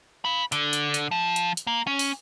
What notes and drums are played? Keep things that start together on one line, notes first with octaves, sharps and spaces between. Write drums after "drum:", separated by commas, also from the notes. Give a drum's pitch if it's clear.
F5 B5
D3, drum: hi-hat
drum: hi-hat
drum: hi-hat
F3
drum: hi-hat
drum: hi-hat
A#3
C#4
drum: open hi-hat